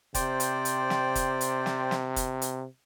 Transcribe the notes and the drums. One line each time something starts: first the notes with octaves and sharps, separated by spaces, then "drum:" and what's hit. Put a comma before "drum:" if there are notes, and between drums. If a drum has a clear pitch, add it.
C3 C5 D5 G5, drum: kick F1, hi-hat
drum: hi-hat
drum: hi-hat
drum: snare
drum: kick F1, hi-hat
drum: hi-hat
drum: snare
drum: snare
drum: kick F1, hi-hat
drum: hi-hat